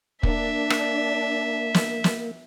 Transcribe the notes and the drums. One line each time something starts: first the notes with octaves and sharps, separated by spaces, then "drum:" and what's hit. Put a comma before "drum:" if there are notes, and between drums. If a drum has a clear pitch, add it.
A#3 D4 E5, drum: kick
drum: rim click
drum: snare
drum: snare